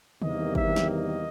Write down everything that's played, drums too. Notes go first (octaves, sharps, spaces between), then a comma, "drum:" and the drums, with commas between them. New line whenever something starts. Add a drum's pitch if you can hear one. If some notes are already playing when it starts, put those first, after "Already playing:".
E2 C3 D#3 G3 A#3 D#5, drum: tom
E5, drum: kick
drum: snare
D#5